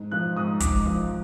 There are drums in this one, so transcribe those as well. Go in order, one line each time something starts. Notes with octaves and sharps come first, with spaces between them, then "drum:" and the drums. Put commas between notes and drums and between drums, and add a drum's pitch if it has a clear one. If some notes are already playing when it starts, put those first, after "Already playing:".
Already playing: G#2
F3 F#6
G#2 D#6
G#2 D6, drum: kick, hi-hat
F3